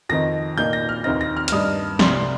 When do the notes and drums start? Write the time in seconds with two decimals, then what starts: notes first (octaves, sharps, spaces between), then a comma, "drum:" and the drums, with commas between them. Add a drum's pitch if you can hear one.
0.09 F2 D#3 C4 D#4 A#6
0.57 A#2 A#3 D#4 G6
0.73 A#6
0.89 F6
1.04 D#2 D#3 C4 D#4 A#6
1.21 A#6
1.37 F6
1.48 F6, drum: hi-hat
1.52 G2 G3 D#4 D#6
1.99 C2 C3 G3 C6, drum: snare